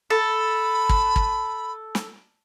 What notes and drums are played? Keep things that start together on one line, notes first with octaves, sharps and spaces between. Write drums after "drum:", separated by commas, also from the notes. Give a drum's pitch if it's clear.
A4 B5
drum: kick
drum: kick
drum: snare